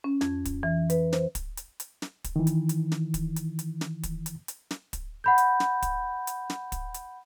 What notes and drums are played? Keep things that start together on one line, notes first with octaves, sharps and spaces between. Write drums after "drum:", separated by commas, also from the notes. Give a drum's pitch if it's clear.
C#4
F2, drum: snare
drum: kick, hi-hat
E3
B4, drum: hi-hat
C5, drum: snare
drum: kick, hi-hat
drum: hi-hat
drum: hi-hat
drum: snare
drum: kick, hi-hat
D#3 E3
drum: hi-hat
drum: hi-hat
drum: snare
drum: kick, hi-hat
drum: hi-hat
drum: hi-hat
drum: snare
drum: kick, hi-hat
drum: hi-hat
drum: hi-hat
drum: snare
drum: kick, hi-hat
F#5 B5 G6
drum: hi-hat
drum: snare
drum: kick, hi-hat
drum: hi-hat
drum: snare
drum: kick, hi-hat
drum: hi-hat